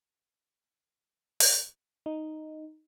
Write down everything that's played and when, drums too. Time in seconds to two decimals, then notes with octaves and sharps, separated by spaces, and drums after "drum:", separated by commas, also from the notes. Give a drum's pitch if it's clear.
1.40 drum: open hi-hat
2.06 D#4